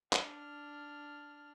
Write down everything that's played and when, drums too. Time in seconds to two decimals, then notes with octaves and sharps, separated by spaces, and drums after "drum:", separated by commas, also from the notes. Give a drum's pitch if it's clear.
0.13 D4 F6, drum: clap